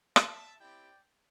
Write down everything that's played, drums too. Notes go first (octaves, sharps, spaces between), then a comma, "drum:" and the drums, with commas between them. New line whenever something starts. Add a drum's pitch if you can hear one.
E5 A5, drum: rim click
C4 E4 G4 D5 G5